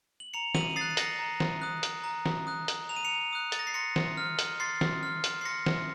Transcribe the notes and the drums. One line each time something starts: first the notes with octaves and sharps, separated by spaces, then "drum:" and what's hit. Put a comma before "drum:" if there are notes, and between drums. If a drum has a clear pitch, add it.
F#7
A#5 C#7 F7
D#7 F#7, drum: snare
D#6 A6 C7
F#6
C7
A#6 C#7, drum: hi-hat
A#5
drum: snare
D#6 F#6
drum: hi-hat
A#5
drum: snare
D#6 F#6
drum: hi-hat
A#5 F7
D#7
C#7 F7
D#6 F#6
A6, drum: hi-hat
A#6
C7
C6 A#6 C#7
drum: snare
F6
drum: hi-hat
C6 A6 C7
drum: snare
F6
drum: hi-hat
C7
C6 A#6 C#7
drum: snare